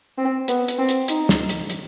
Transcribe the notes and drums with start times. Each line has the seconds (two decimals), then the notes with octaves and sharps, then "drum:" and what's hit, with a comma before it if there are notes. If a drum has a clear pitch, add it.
0.18 C4
0.48 B3, drum: hi-hat
0.68 drum: hi-hat
0.78 C4
0.89 drum: hi-hat
1.08 D#4, drum: hi-hat
1.29 drum: snare
1.49 drum: hi-hat
1.70 drum: hi-hat